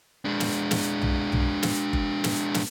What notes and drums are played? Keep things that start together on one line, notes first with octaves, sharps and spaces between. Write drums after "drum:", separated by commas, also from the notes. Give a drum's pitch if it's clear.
G#3 D4
drum: snare
drum: snare
drum: tom B1
drum: tom B1
drum: snare
drum: kick G1
drum: snare
drum: snare